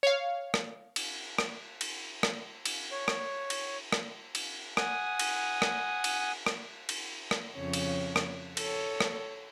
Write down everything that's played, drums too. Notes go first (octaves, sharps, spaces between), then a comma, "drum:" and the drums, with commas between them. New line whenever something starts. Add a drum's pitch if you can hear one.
C#5 F5
drum: rim click
drum: cymbal
drum: rim click
drum: cymbal
drum: rim click
drum: cymbal
C#5
drum: rim click
drum: cymbal
drum: rim click
drum: cymbal
F#5 G#5 D#6, drum: rim click
drum: cymbal
drum: rim click
drum: cymbal
drum: rim click
drum: cymbal
drum: rim click
F2 C#3 C#5
drum: cymbal
drum: rim click
A4 C#5, drum: cymbal
drum: rim click